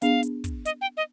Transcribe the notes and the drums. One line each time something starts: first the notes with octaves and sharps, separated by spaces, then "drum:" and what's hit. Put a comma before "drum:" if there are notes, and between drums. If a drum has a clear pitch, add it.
B3 D4 G#4 F5, drum: hi-hat
drum: hi-hat
drum: kick, hi-hat
D#5, drum: hi-hat
G5
D#5